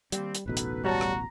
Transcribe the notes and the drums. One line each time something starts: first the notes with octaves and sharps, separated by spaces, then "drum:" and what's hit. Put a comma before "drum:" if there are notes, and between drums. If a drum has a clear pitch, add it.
D#3 G3 A#3 C4, drum: hi-hat
drum: hi-hat
D1 A1 B2 D#4 A4 B4
drum: hi-hat
G3 F#4 C#5 A5 A#5
drum: rim click